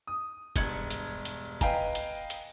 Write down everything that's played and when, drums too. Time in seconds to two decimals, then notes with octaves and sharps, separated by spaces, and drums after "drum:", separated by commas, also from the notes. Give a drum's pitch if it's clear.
0.07 D#6
0.56 E1 G2 G#6 C#7 F#7, drum: kick, hi-hat
0.90 drum: hi-hat
1.25 drum: hi-hat
1.61 B4 D#5 F5 G5 G#5 A#5, drum: kick, hi-hat
1.95 drum: hi-hat
2.30 drum: hi-hat